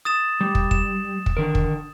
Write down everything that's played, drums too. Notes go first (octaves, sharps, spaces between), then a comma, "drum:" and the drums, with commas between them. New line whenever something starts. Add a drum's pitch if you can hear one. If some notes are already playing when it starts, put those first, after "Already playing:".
D#6 A6 E7
G3
drum: kick
E7, drum: kick
drum: kick
D3 D#3 A#4
drum: kick